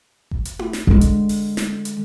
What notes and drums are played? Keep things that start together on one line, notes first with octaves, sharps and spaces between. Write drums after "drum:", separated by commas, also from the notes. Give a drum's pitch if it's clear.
drum: kick G1
drum: hi-hat
drum: tom E4
drum: snare
D3 G#3
drum: kick G1, hi-hat
drum: open hi-hat
drum: snare
drum: hi-hat